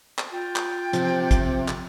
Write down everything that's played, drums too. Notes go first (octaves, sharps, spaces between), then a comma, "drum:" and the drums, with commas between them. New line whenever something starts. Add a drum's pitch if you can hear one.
drum: clap
F4 G5
drum: clap
C3 F3, drum: hi-hat
drum: kick, hi-hat
drum: clap